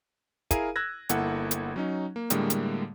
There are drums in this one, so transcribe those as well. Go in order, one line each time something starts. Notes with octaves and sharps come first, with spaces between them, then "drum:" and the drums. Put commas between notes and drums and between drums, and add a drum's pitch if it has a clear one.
E4 G#4 A#4 F5 D#7, drum: kick, hi-hat
E6 F#6 G#6 A#6
G1 A#3 E4 A4 F#5, drum: hi-hat
drum: hi-hat
F#3 C#4 D#4
A#3
A2 D3 G3 G#3 A#3, drum: hi-hat
drum: hi-hat